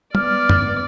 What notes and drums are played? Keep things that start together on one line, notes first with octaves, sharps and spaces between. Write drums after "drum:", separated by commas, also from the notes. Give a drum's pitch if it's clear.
B3 D5 F6, drum: tom
drum: tom